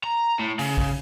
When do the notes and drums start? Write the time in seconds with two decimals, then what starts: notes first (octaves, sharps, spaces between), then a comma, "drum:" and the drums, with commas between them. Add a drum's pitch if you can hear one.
0.03 A#5
0.39 A2
0.59 C#3, drum: open hi-hat
0.77 drum: kick